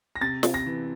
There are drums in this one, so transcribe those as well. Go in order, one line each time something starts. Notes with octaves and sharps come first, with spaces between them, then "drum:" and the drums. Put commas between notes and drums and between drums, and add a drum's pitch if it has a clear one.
A#6
C3 A6
C3, drum: snare
A#6
E3